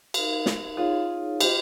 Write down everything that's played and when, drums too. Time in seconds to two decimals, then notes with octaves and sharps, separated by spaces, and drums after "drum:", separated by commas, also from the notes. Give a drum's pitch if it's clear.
0.14 D#4 A#4 F5, drum: cymbal
0.46 drum: snare
0.77 D#4 F4 G#4 C#5 F5
1.41 F4 G4 C5 D#5, drum: cymbal